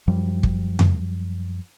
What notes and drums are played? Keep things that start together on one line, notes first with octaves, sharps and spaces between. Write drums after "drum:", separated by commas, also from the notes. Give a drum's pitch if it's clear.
F#2 F3 G3
drum: kick
drum: tom F2